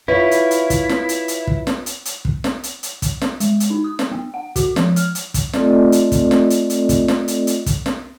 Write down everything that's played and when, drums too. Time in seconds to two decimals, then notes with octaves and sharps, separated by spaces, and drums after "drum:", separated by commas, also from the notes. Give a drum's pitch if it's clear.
0.08 E4 F4 B4 C#5
0.31 drum: hi-hat
0.51 drum: hi-hat
0.70 drum: kick, hi-hat
0.89 drum: snare
1.09 drum: hi-hat
1.28 drum: hi-hat
1.47 drum: kick
1.67 drum: snare
1.86 drum: hi-hat
2.05 drum: hi-hat
2.25 drum: kick
2.44 drum: snare
2.63 drum: hi-hat
2.83 drum: hi-hat
3.02 drum: kick, hi-hat
3.21 drum: snare
3.40 G#3, drum: hi-hat
3.60 drum: hi-hat
3.70 D#4
3.84 D#6
3.99 drum: snare
4.12 B3
4.34 F#5
4.56 F#4, drum: kick, hi-hat
4.76 F3, drum: snare
4.96 F6, drum: hi-hat
5.15 drum: hi-hat
5.34 drum: kick, hi-hat
5.53 A3 C4 F4 A4 D5 D#5, drum: snare
5.92 drum: hi-hat
6.12 drum: kick, hi-hat
6.31 drum: snare
6.50 drum: hi-hat
6.70 drum: hi-hat
6.89 drum: kick, hi-hat
7.08 drum: snare
7.28 drum: hi-hat
7.47 drum: hi-hat
7.66 drum: kick, hi-hat
7.86 drum: snare